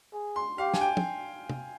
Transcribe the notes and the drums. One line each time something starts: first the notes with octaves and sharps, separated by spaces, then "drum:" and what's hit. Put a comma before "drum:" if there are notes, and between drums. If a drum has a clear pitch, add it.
G#4
C6
G4 F5
G#5, drum: snare
G5
drum: tom
drum: tom